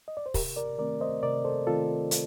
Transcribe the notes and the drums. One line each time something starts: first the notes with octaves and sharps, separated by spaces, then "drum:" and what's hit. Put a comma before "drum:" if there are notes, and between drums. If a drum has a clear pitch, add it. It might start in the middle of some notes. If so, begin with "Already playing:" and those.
D#5
D5
C5
C3 G4 A#4, drum: kick, open hi-hat
A#4 D5
D#3 A3 C4 A#4 D5
C5 D#5
C3 A#4 D5
A4 C5
D#3 A3 C4 F4 A4
drum: hi-hat